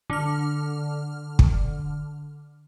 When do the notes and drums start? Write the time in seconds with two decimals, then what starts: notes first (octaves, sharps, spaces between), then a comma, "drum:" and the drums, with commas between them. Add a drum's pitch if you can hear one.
0.10 D3 F6
1.39 drum: kick